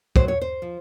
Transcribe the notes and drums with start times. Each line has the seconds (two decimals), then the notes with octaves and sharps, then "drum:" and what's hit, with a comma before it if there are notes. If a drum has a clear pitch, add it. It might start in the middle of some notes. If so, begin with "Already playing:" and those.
0.16 A2 F#3 C5, drum: kick
0.28 C#5
0.41 C5
0.62 F3